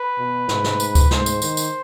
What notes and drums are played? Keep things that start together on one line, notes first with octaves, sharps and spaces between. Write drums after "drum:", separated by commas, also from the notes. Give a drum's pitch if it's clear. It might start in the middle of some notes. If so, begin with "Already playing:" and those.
Already playing: B4
B2
G#2, drum: snare
drum: snare
drum: tambourine
drum: kick C#2, tambourine
G#2 C5, drum: snare
drum: tambourine
D#3, drum: tambourine
drum: tambourine